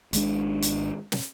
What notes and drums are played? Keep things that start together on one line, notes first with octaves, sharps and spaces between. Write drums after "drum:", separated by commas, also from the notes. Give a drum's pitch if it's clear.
G#1 G#2 G#3 D4, drum: hi-hat
drum: hi-hat
drum: snare